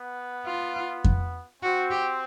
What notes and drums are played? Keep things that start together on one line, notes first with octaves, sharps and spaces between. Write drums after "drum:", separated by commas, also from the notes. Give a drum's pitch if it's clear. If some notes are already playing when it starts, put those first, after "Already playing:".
Already playing: B3
F4
drum: kick F2
C4 F#4
G4